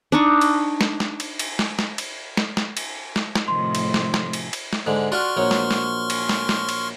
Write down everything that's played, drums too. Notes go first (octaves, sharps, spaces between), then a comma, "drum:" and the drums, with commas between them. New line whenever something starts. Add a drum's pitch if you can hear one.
D4 D#4 C#6
drum: cymbal
drum: snare
drum: snare
drum: cymbal
drum: cymbal
drum: snare
drum: snare
drum: cymbal
drum: snare
drum: snare
drum: cymbal
drum: snare
drum: snare
A2 C3 D#3 F3 C6
drum: cymbal
drum: snare
drum: snare
drum: cymbal
drum: cymbal
drum: snare
G#2 D3 G#3
D4 F4 F#4 C6 C#6 F6
A#1 F#3 C#5
drum: snare
drum: snare
drum: cymbal
drum: snare
drum: snare
drum: cymbal